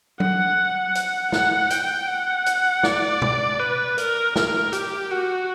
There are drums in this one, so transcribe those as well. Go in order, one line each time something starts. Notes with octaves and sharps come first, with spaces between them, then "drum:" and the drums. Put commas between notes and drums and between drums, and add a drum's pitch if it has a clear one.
F#5, drum: tom F#3
drum: hi-hat
F#5, drum: snare
G5, drum: hi-hat
F#5
drum: hi-hat
D5, drum: snare
drum: tom B2
B4
A#4, drum: hi-hat
A#4, drum: snare
G4, drum: hi-hat
F#4